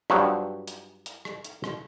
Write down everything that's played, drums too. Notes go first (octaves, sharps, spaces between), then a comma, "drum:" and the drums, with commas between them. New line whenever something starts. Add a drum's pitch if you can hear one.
G2 F3 F#3, drum: rim click
drum: hi-hat
drum: hi-hat
drum: rim click
drum: hi-hat
drum: rim click